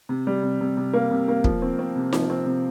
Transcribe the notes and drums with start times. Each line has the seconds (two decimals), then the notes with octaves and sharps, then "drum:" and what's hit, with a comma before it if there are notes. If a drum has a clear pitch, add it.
0.09 C3
0.27 G3
0.43 C3
0.61 C3
0.77 C3
0.94 A#3
1.11 C3
1.28 A#3
1.44 F3, drum: kick
1.62 C4
1.79 C4
1.96 C3
2.13 F3, drum: snare D#4
2.30 C4
2.46 C3